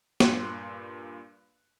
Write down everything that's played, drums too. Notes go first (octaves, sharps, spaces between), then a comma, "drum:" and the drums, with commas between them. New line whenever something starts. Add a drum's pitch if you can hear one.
G2 A#2 C6 F#6, drum: snare